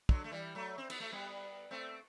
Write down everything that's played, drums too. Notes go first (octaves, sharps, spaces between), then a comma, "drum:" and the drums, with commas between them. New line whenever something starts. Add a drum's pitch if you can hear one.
D3 F#3, drum: kick
A3
E3 G3
F#3 A3
C4
B3, drum: cymbal
A3
G3 B3
A3 C4